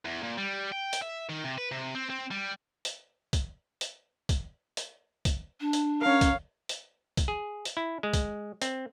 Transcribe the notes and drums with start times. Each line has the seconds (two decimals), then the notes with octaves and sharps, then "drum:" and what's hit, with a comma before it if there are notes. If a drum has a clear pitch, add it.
0.05 E2
0.23 A#2
0.37 G3
0.72 G5
0.93 drum: hi-hat
1.02 E5
1.29 D#3
1.44 C3
1.58 B4
1.71 C3
1.95 C4
2.10 C4
2.31 G3
2.85 drum: hi-hat
3.33 drum: kick, hi-hat
3.81 drum: hi-hat
4.29 drum: kick, hi-hat
4.77 drum: hi-hat
5.25 drum: kick, hi-hat
5.61 D4
5.73 drum: hi-hat
6.02 C#4 A#4 C#5 F5
6.21 drum: kick, hi-hat
6.69 drum: hi-hat
7.17 drum: kick, hi-hat
7.28 G#4
7.65 drum: hi-hat
7.77 E4
8.03 G#3
8.13 drum: kick, hi-hat
8.62 C4, drum: hi-hat